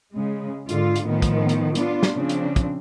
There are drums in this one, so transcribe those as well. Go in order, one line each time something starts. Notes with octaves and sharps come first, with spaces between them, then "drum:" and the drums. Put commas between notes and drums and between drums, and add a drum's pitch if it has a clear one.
C#3 G#3
G#2 D3 F4, drum: hi-hat
drum: hi-hat
A2 D#3 F3 B3
drum: kick, hi-hat
drum: hi-hat
B3 D4 F4, drum: hi-hat
drum: snare
C#3 F3 C4 D4
drum: hi-hat
drum: kick, hi-hat